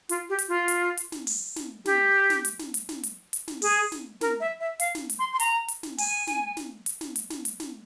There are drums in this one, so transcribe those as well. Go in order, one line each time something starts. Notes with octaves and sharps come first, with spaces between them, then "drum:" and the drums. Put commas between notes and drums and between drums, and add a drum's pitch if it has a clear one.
F4, drum: hi-hat
G4
drum: hi-hat
F4
drum: hi-hat
drum: hi-hat
drum: snare
drum: open hi-hat
drum: snare
G4, drum: snare
drum: snare
drum: hi-hat
drum: snare
drum: hi-hat
drum: snare
drum: hi-hat
drum: hi-hat
drum: snare
G#4, drum: open hi-hat
drum: snare
A#4, drum: snare
E5
E5
F5, drum: hi-hat
drum: snare
drum: hi-hat
C6
C6
A#5, drum: hi-hat
drum: hi-hat
drum: snare
G#5, drum: open hi-hat
drum: snare
drum: snare
drum: hi-hat
drum: snare
drum: hi-hat
drum: snare
drum: hi-hat
drum: snare